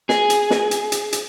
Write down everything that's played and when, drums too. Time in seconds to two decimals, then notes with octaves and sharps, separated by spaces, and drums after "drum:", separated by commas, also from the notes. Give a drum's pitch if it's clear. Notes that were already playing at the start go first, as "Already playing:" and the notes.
0.09 G#4, drum: snare
0.30 drum: hi-hat
0.50 drum: snare
0.71 drum: hi-hat
0.92 drum: hi-hat
1.13 drum: hi-hat